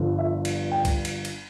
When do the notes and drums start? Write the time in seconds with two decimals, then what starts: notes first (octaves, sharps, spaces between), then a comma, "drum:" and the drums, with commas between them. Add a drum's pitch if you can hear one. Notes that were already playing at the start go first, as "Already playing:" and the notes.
Already playing: G1 G2 D3 F3
0.18 E5
0.45 drum: cymbal
0.72 G5
0.85 drum: kick, cymbal
1.05 drum: cymbal
1.25 drum: cymbal